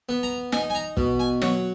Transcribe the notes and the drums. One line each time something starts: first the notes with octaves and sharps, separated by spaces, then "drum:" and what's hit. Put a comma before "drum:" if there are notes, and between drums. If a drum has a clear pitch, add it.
B3
A#5
D#4 G#5, drum: snare
G#5
A#5
B2, drum: kick
G#5
F#3 F#5, drum: snare